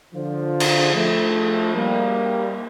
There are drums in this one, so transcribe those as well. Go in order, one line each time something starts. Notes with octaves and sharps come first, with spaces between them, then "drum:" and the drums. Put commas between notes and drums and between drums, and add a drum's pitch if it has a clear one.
D3 F3
drum: cymbal
F3 A3
G3 A#3